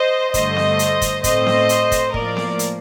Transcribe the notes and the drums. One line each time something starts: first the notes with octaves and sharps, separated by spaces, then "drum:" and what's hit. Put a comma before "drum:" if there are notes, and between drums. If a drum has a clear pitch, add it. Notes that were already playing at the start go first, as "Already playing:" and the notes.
Already playing: C5 D#5
G2 D3 A3 C5 D#5, drum: kick, hi-hat
drum: snare B3
drum: hi-hat
drum: kick, hi-hat
A2 A3 C4 C5 D#5, drum: kick, hi-hat
drum: snare B3
drum: hi-hat
drum: kick, hi-hat
A2 F3 A#3 A#4 D5, drum: kick
drum: snare B3
drum: hi-hat